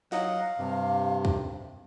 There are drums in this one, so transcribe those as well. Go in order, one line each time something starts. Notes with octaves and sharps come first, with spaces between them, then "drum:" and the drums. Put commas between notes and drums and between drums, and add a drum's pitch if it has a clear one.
F#3 D#5 F5 F#5, drum: snare
G2 C3
drum: kick